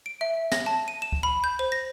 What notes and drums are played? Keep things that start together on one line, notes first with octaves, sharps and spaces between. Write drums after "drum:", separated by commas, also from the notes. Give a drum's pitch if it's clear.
D7
E5
A#6, drum: snare
A5
D#7
E7
drum: kick
B5
G6
C5
A#6